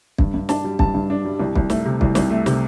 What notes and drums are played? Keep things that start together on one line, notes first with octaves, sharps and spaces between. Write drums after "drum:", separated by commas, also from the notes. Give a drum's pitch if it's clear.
G2, drum: kick
G2
D4 A5, drum: snare
G3
G2 A5, drum: kick
G2
D4
G3
C2
C2, drum: kick
A3, drum: snare
C3
C2, drum: kick
C2, drum: snare
A3
C3, drum: snare